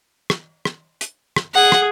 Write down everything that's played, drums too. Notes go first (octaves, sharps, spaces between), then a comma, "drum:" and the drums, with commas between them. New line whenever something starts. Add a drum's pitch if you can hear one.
drum: rim click
drum: rim click
drum: hi-hat
drum: rim click
G#4 F#5
drum: rim click